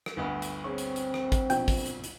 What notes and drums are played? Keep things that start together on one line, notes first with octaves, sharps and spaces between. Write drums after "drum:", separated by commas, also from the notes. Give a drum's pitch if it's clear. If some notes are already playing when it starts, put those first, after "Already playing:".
drum: rim click
G1 D2 B3
drum: hi-hat
C4 G#4 C#5 C#6
drum: hi-hat
drum: hi-hat
drum: rim click
drum: kick, hi-hat
A#1 B2 G5, drum: hi-hat
drum: kick, open hi-hat
drum: hi-hat
drum: hi-hat